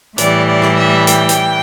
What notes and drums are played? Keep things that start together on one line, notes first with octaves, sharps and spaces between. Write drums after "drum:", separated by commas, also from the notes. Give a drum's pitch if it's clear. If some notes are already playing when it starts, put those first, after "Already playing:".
A2 E3 G3 D5, drum: hi-hat
D5
drum: rim click
E5
G5, drum: hi-hat
drum: hi-hat